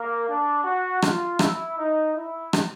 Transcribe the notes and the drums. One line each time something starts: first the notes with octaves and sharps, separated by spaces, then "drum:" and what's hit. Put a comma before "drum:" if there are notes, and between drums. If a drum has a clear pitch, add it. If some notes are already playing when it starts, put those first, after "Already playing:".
Already playing: A#3
D4
F#4
F4, drum: rim click
E4, drum: rim click
D#4
E4
drum: rim click